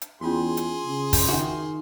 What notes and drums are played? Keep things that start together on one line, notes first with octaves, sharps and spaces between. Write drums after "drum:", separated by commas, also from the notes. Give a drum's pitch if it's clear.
drum: hi-hat
E2 C#4 F4 F#4 G#4 C6
drum: hi-hat
C#3
drum: kick, open hi-hat
D#3 F#4 E5